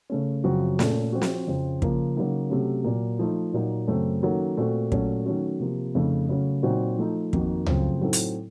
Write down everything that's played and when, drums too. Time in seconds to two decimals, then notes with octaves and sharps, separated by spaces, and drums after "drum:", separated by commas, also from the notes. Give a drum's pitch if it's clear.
0.10 C#3 A3 C#4
0.44 F#2 C#3 F3 C4 F#4
0.79 A#2 A3 C#4 A4, drum: snare
1.12 F3 C4 F#4
1.22 drum: snare
1.47 F2 C#3 F3 C4
1.82 C#3 F3 A#3, drum: kick
2.16 C#3 F#3 A#3 D#4
2.50 C3 F#3 A3 C#4
2.84 A#2 F#3 A#3
3.19 F3 A3 D#4
3.54 A#2 F#3 A#3 D#4
3.88 F#2 C#3 A3 C4
4.23 D#3 F#3 A#3 C#4 A4
4.57 A#2 A3 C4 F#4 A4
4.92 A#2 F#3 A3 C#4 A4, drum: kick
5.26 D#3 F#3 A3 C#4 F#4
5.60 C3 F3 A#3
5.95 F2 C#3 A3 D#4
6.29 C#3 F#3 A3 C#4
6.63 A#2 F#3 C4 D#4 F#4
6.98 F3 A3 D#4
7.33 F2 D#3 A#3 D#4 F#4, drum: kick
7.66 F#2 C#3 F3 A3 C4, drum: tom C#2
8.01 A2 F#3 C4 D#4 A4
8.13 drum: hi-hat